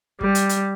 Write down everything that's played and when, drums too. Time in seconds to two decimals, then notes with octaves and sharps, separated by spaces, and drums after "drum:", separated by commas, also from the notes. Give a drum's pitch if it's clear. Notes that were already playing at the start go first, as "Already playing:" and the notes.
0.21 G3, drum: kick
0.35 drum: hi-hat
0.49 drum: hi-hat